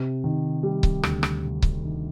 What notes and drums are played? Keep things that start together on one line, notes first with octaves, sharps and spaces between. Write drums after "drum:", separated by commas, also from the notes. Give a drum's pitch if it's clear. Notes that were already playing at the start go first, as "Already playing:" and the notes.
Already playing: C3
D#3
G3
drum: kick C#1
D2, drum: rim click
drum: rim click
C3
drum: kick C#1
D#3